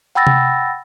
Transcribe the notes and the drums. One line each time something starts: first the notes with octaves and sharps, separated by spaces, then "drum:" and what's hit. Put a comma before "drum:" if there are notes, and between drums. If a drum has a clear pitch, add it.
F#5 G5 B5 E6 A6 A#6
drum: tom C3